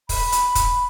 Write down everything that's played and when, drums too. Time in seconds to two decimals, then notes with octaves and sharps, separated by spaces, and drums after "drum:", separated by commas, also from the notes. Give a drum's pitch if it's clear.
0.09 B5, drum: kick, open hi-hat
0.32 drum: hi-hat
0.55 drum: kick, hi-hat